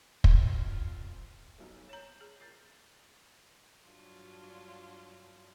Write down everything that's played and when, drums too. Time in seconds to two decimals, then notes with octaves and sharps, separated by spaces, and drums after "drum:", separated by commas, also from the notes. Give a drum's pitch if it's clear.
0.24 E2 B2 C4 F4, drum: kick
1.58 D#1 B1 D#4
1.89 C#5 A#5 G6 E7
2.21 G#4
2.40 G6 A6 C7
3.86 G2 F#3 D4 F4